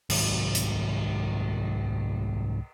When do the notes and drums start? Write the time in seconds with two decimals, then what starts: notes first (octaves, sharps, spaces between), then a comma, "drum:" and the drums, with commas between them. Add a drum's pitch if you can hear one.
0.10 C2 G#2 D#3 F#3, drum: cymbal
0.55 drum: hi-hat